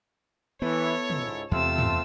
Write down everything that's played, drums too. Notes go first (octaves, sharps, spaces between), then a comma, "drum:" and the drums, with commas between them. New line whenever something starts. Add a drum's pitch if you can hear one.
E3 B3 E4 A4 C#5
C#2 G#2, drum: tom
E2 C3 A3 C4 F4 A5 E6
drum: tom